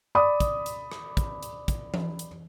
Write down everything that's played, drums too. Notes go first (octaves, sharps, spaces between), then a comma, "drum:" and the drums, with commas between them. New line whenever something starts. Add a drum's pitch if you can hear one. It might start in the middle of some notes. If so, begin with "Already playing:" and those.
D5 B5 D#6
drum: kick, hi-hat
drum: hi-hat
drum: rim click
drum: kick, hi-hat
drum: hi-hat
drum: kick, hi-hat
drum: tom E3
drum: hi-hat